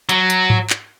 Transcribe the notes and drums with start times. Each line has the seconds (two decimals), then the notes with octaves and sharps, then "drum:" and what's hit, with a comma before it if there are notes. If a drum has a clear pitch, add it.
0.09 F#3, drum: hi-hat
0.30 drum: hi-hat
0.50 drum: tom G#2
0.70 drum: clap